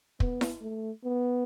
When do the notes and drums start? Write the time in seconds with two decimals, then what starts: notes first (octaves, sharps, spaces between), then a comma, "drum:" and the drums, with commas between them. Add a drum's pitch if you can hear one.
0.20 B3, drum: kick
0.41 drum: snare E4
0.61 A3
1.04 B3